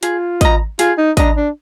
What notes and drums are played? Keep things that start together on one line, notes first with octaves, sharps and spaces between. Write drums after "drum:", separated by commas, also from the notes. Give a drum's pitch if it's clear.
F4 G#4, drum: hi-hat
D#5 A#5, drum: kick, hi-hat
F4 G#4, drum: hi-hat
D#4
D4 D#5 A#5, drum: kick, hi-hat
D4